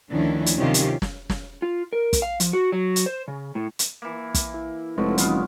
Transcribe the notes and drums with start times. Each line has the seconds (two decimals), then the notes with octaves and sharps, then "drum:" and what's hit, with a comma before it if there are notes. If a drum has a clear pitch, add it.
0.10 D2 D#3 F3 C#4 D4 E4
0.46 drum: hi-hat
0.58 C3 D#3 F#3 C#4 F4 G4
0.74 drum: hi-hat
1.02 drum: snare
1.30 drum: snare
1.62 F4
1.93 A#4
2.13 drum: kick, hi-hat
2.22 F5
2.40 F3, drum: hi-hat
2.53 F#4
2.72 F#3
2.96 drum: hi-hat
3.06 C5
3.28 C#3
3.55 A2
3.79 drum: hi-hat
4.02 E3 A#3
4.34 drum: kick, hi-hat
4.54 E4
4.98 F1 F3 F#3 G#3 E4 A4 B4
5.18 E3 G3 G#3 B3 C#4 D#4 F5, drum: hi-hat